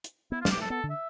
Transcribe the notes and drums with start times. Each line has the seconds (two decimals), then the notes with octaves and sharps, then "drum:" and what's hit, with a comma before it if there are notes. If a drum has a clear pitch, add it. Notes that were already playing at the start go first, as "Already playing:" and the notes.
0.04 drum: hi-hat
0.32 B3 E4
0.41 F4
0.45 G3, drum: snare
0.51 B3 G4
0.57 A3 A4
0.70 B3 A4
0.83 D3
0.90 E5